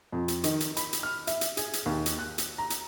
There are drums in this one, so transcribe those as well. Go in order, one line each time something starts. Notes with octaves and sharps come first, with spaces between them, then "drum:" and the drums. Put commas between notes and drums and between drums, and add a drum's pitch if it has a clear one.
F2
drum: hi-hat
D#3, drum: hi-hat
drum: hi-hat
B5, drum: hi-hat
drum: hi-hat
F6
E5, drum: hi-hat
drum: hi-hat
G#4, drum: hi-hat
drum: hi-hat
D#2
drum: hi-hat
F#6
drum: hi-hat
A#5
drum: hi-hat